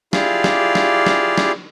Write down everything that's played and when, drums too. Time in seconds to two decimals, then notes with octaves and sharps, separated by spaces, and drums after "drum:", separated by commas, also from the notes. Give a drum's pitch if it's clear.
0.13 E4 F4 G4 G#4 D5 F5, drum: snare
0.44 drum: snare
0.75 drum: snare
1.06 drum: snare
1.38 drum: snare